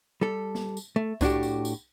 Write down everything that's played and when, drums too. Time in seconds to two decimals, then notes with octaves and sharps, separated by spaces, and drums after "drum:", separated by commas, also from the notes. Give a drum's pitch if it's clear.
0.21 G3 A4
0.55 drum: snare
0.77 drum: tambourine
0.96 A3
1.21 A2 D4 F#4 G4, drum: kick C2, tambourine
1.43 drum: tambourine
1.65 drum: tambourine